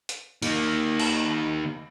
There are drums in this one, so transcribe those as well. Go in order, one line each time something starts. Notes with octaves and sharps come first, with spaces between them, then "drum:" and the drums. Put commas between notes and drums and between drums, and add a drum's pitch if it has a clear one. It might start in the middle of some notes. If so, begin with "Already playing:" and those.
drum: hi-hat
D#3 A#3, drum: cymbal
drum: cymbal